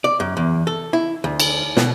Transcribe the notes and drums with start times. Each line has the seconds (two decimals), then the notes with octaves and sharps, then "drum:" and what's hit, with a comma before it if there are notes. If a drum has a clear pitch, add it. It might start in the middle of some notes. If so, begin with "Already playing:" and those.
0.04 D5
0.20 F#2
0.37 E2
0.67 A4
0.93 E4
1.24 D2
1.40 drum: cymbal
1.77 B2, drum: snare